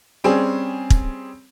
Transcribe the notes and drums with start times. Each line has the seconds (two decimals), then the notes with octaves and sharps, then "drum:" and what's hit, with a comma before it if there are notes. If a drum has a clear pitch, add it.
0.24 G3 C4 C#4 G#4
0.90 drum: kick